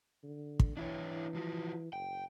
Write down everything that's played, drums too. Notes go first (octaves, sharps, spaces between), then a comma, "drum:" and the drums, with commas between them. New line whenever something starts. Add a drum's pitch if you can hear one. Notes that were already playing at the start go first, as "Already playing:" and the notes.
D3
drum: kick
E3 D4 E4 C#5
F3 F4 F#4
F#1 G5